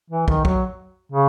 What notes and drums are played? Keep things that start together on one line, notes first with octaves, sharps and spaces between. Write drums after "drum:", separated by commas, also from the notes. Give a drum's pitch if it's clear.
E3
D#3, drum: kick
F#3, drum: kick
C#3